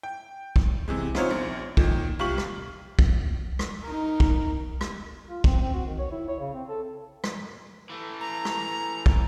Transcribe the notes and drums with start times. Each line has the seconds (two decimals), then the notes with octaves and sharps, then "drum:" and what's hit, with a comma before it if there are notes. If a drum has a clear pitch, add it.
0.03 G5
0.56 drum: kick
0.88 C3 E3 G#3
1.15 B3 C4 D#4 F4 C5 C#5, drum: rim click
1.31 A#1
1.77 A#2 D#3, drum: kick
2.19 C2 F4 G4 C#6 F#7
2.38 drum: rim click
2.99 drum: kick
3.59 drum: rim click
3.83 D#4 A#4
4.20 drum: kick
4.81 drum: rim click
5.29 F4
5.44 C4, drum: kick
5.61 C4
5.74 F#4
5.87 D#3
5.99 C#5
6.12 E4
6.28 C#5
6.40 C#3
6.54 C4
6.69 A4
7.24 drum: rim click
7.90 E3 A3
8.20 A#5
8.45 drum: rim click
9.06 drum: kick